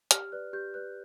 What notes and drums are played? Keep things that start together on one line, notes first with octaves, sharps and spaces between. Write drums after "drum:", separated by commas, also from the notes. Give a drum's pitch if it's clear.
G4 F6, drum: hi-hat
B4 D5 F#6
G4 G6
B4 D5 F#6